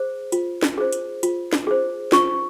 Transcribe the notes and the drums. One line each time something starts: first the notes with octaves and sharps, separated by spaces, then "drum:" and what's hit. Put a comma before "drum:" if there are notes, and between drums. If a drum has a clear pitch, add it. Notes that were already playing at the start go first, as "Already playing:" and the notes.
Already playing: G#4 C5
F4, drum: hi-hat
drum: snare
G#4 C5
drum: hi-hat
F4, drum: hi-hat
drum: snare
G#4 C5
F4 C#6, drum: snare